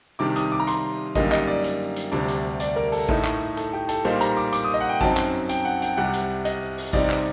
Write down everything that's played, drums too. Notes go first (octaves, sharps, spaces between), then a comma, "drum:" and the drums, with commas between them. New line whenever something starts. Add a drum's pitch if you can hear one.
C3 D#3 G3 D4 D6
D#6, drum: hi-hat
D6
A#5
C6, drum: hi-hat
F#2 D3 G3 A#3 D#4 D#5, drum: kick A1
D#5, drum: clap
D5
drum: hi-hat
drum: hi-hat
D2 C3 G3 D4
drum: hi-hat
D5, drum: hi-hat
A#4
A4, drum: open hi-hat
A2 A3 D#4, drum: kick A1
drum: clap
A4, drum: hi-hat
G4
A4, drum: hi-hat
A#2 G3 A#3 D#4 C5
A#5, drum: hi-hat
D6
D6, drum: hi-hat
D#6
D#5
F#5
G5
F#2 F#3 C4 D#4 A5, drum: kick A1
drum: clap
G5, drum: hi-hat
F#5
G5, drum: hi-hat
C2 C3 G3 F#5
drum: hi-hat
D#5, drum: hi-hat
drum: open hi-hat
C3 G3 C4 D#4 D5, drum: kick A1
drum: clap